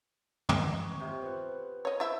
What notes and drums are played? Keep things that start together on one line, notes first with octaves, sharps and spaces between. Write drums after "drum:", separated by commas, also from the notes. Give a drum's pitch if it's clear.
drum: tom
C#5
C3 F4
B3 F#5
C#5 D#5
E4 C5 E5